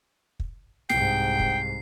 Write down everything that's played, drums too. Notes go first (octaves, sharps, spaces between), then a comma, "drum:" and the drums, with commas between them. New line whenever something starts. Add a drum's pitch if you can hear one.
drum: kick
C2 G#2 G5 C7, drum: snare
drum: kick